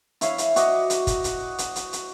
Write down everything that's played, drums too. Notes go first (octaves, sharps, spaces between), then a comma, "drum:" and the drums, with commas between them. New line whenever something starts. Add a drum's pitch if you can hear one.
E4 C#5 F5, drum: hi-hat
drum: hi-hat
F#4 D#5 D6, drum: hi-hat
drum: hi-hat
drum: kick, hi-hat
drum: hi-hat
drum: hi-hat
drum: hi-hat
drum: hi-hat